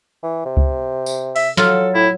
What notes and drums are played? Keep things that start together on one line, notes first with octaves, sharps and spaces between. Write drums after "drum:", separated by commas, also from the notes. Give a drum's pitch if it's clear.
E3
C3
drum: kick C#2
drum: tambourine
E5, drum: open hi-hat
F#3 F4 A4, drum: snare
A2 E4